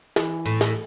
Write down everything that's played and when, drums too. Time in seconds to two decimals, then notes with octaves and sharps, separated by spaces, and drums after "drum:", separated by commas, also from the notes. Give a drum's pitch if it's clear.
0.16 E3, drum: snare
0.46 A2 A3, drum: cymbal
0.61 drum: snare